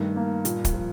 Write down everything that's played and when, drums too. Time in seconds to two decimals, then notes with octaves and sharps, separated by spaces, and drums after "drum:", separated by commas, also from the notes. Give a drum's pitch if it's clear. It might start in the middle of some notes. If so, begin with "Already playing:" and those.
Already playing: G2 D#3 A3
0.16 A#3
0.45 A#2, drum: hi-hat
0.65 drum: kick, hi-hat
0.74 F3